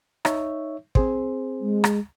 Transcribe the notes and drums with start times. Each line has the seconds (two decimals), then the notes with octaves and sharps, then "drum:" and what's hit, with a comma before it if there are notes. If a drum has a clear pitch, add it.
0.25 D#4 C#5 E5, drum: rim click
0.95 C4 G#4 C5, drum: kick
1.60 G#3
1.84 drum: rim click